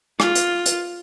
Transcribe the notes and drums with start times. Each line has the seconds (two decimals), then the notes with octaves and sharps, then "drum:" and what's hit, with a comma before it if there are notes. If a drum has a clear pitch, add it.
0.20 F4, drum: rim click
0.35 drum: hi-hat
0.66 drum: hi-hat